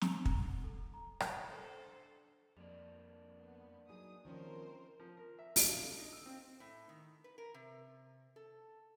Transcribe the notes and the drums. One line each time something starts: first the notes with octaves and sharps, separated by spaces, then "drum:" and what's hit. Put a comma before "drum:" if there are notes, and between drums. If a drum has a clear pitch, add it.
A#5, drum: snare
A#5, drum: kick
F#5
A4
A#5
drum: rim click
D4 A4 C5
F2 G3 A#3 D4
B3
F#3 D#4 G#4 D#6
D#3 F3 C4 C#4 A#4 C5
F3
A#4
E5
D5, drum: open hi-hat
F5
D3
D#4
E6
C4
A2
D#3
B4
A#4
C3
A4